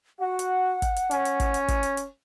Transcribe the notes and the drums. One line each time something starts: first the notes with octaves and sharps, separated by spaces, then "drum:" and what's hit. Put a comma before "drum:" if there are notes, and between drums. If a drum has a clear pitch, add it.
F#4 F#5
drum: hi-hat
drum: kick, hi-hat
drum: hi-hat
C#4, drum: hi-hat
drum: hi-hat
drum: kick, hi-hat
drum: hi-hat
drum: kick, hi-hat
drum: hi-hat
drum: hi-hat